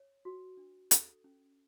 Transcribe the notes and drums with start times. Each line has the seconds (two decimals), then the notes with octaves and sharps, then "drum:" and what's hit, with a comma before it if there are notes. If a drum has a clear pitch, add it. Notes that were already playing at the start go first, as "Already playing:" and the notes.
Already playing: C#5
0.25 F#4
0.57 D4
0.91 A4, drum: hi-hat
1.24 C#4